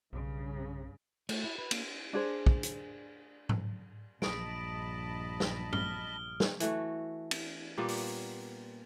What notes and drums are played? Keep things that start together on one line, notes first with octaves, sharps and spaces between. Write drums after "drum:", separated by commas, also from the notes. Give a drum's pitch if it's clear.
B1 G2 C#3
A3, drum: cymbal
E4
B4
A#3, drum: cymbal
D4 G#4 C5
drum: kick
drum: hi-hat
drum: tom G#2
A#1 G2 D#5 A5 B5 D#6 D7, drum: snare
drum: snare
F6 G7, drum: tom G2
drum: snare
E3 A3 F#4, drum: hi-hat
drum: cymbal
A#2 G3 A#3 B3
drum: open hi-hat